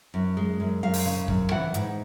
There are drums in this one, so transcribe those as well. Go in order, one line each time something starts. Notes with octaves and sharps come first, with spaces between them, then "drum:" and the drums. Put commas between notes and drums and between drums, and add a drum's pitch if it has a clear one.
F#2
G#3
F#2
F#2 F5
drum: open hi-hat
C#3
F#2, drum: kick
E3 F#5
G#2, drum: hi-hat